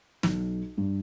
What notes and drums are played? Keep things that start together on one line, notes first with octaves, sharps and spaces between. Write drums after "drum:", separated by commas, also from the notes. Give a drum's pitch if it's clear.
B1, drum: snare
G2